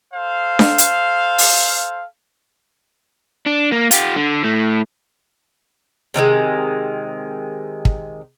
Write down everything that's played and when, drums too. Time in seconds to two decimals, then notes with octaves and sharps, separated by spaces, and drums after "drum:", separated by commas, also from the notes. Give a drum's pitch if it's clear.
0.14 A4 C5 F5
0.59 drum: snare D4
0.78 drum: hi-hat
1.38 drum: open hi-hat
3.47 D4
3.72 A#3
3.91 F4 G4, drum: hi-hat
4.16 D3
4.44 A2 A3
6.14 C3 D#3 F3 G#3
7.85 drum: kick